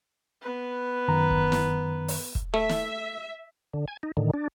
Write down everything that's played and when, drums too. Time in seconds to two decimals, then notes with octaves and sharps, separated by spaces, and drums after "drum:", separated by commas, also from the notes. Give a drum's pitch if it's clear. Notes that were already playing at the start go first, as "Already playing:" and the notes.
0.41 B3 B4
1.08 F#2 D#3 A#5
1.30 drum: kick
1.52 drum: snare
2.08 drum: open hi-hat
2.35 drum: kick
2.54 A3 E5
2.69 drum: snare
3.74 D3
3.88 G#5
4.03 D#4
4.17 A2 D3 D#3
4.34 D4